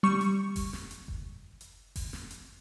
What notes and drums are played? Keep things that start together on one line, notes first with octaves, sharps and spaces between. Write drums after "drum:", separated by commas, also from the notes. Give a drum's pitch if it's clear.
G3 C#6
drum: hi-hat
drum: kick F#1, open hi-hat
drum: snare
drum: hi-hat
drum: kick F#1
drum: hi-hat
drum: kick F#1, open hi-hat
drum: snare
drum: hi-hat